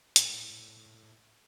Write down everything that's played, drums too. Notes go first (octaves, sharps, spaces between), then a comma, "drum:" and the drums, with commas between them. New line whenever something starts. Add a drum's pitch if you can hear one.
A2, drum: hi-hat